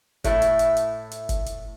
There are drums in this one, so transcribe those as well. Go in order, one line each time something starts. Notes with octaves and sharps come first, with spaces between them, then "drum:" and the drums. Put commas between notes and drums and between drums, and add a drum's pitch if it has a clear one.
A2 A3 E4, drum: kick, hi-hat
drum: hi-hat
drum: hi-hat
drum: hi-hat
drum: hi-hat
drum: kick, hi-hat
drum: hi-hat